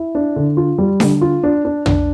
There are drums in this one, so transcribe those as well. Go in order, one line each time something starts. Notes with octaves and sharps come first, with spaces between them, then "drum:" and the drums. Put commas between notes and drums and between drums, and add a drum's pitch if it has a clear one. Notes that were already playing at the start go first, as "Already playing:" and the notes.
Already playing: E4
D4
D3
F4
G3
D3, drum: snare D4
F4
D4
D4
D4, drum: tom